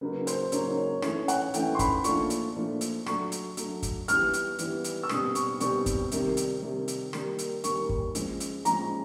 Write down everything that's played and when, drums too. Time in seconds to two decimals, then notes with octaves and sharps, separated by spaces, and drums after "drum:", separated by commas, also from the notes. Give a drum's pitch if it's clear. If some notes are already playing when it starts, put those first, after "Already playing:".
0.01 C#3 F#3 A#3 D#4 B4
0.27 C5, drum: hi-hat
0.52 C#3 F#3 A#3 D#4 C#5, drum: hi-hat
0.77 C#5
1.02 E3 A3 C#4 C#5, drum: rim click
1.28 F#5, drum: hi-hat
1.54 E3 A3 C#4 G5, drum: hi-hat
1.75 C6
1.79 B5, drum: kick, hi-hat
2.04 A#2 F3 A3 D4 F4 C#6, drum: hi-hat
2.30 drum: hi-hat
2.56 A#2 F3 A3 D4 F4
2.81 drum: hi-hat
3.06 F#3 A3 D4 C#6, drum: rim click
3.32 drum: hi-hat
3.57 F#3 A3 D4, drum: hi-hat
3.83 drum: kick, hi-hat
4.08 E3 G3 B3 F6, drum: hi-hat
4.33 drum: hi-hat
4.59 E3 G3 B3, drum: hi-hat
4.84 drum: hi-hat
5.03 E6
5.09 B2 G3 C4 D#6, drum: rim click
5.35 C#6, drum: hi-hat
5.60 B2 G3 C4 C#6, drum: hi-hat
5.86 drum: kick, hi-hat
6.12 C3 D#3 G3, drum: hi-hat
6.37 drum: hi-hat
6.62 C3 D#3 G3
6.88 drum: hi-hat
7.13 D#3 G3 A#3, drum: rim click
7.39 drum: hi-hat
7.64 D#3 G3 A#3 C#6, drum: hi-hat
7.89 drum: kick
8.15 F3 G#3 C#4, drum: hi-hat
8.40 drum: hi-hat
8.65 F3 G#3 C#4 A#5, drum: hi-hat